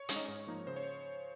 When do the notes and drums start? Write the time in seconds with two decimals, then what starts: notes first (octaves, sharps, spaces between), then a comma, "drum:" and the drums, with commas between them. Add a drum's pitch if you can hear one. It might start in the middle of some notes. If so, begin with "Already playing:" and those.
Already playing: C#5 C#6
0.09 G#3 C#4, drum: hi-hat
0.16 D#4 D#5
0.28 G#2 C#5
0.47 F3 A#3 D#4
0.67 C#3 C5
0.76 C#5